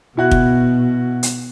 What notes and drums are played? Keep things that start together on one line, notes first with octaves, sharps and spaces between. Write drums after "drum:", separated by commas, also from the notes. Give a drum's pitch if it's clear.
B2 E4 F#4 F#6
drum: kick
drum: hi-hat